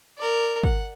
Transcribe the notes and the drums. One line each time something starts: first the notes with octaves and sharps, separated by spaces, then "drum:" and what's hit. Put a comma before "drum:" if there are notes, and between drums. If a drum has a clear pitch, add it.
A#4 D5
F#5, drum: kick